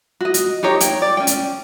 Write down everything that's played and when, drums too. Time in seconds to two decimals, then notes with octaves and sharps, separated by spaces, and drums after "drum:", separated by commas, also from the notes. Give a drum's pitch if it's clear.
0.21 F#4 D#5
0.34 drum: hi-hat
0.63 D#4 G4 A#4 C#5
0.80 C#5 G5, drum: hi-hat
1.02 D5
1.17 C#4 G5
1.27 drum: hi-hat